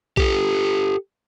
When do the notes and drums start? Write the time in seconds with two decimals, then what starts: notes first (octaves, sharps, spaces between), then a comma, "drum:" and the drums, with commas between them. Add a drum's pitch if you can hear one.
0.17 G4 A4, drum: kick A#1